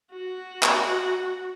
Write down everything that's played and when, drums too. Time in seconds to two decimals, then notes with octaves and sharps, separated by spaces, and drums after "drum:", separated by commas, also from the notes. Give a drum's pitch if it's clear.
0.12 F#4
0.63 drum: clap